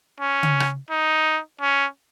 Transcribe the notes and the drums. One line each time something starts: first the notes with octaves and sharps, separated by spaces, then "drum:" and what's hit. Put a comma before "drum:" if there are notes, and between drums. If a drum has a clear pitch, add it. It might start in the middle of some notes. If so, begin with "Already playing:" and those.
C#4
drum: tom C#3
drum: rim click
D#4
C#4